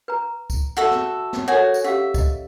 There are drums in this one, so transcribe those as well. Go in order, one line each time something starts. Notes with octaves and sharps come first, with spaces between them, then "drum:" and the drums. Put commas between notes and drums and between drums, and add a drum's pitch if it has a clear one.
B4 A#5
drum: kick, tambourine
F#4 A4 E5
drum: snare
drum: snare
F#4 A4 A#4 C#5 G#5
drum: tambourine
C#4 G4 E5 F5
D#5, drum: kick, tambourine